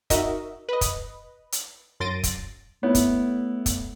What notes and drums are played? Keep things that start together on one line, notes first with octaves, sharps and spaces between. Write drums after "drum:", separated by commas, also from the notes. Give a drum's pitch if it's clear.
D#4 F#4 A#4 D#5 E5, drum: kick, hi-hat
B4 D#5
drum: kick, hi-hat
drum: hi-hat
F#2 C6 A6 A#6 D7 D#7
drum: kick, hi-hat
A3 B3 E4 C#5
drum: kick, hi-hat
drum: kick, hi-hat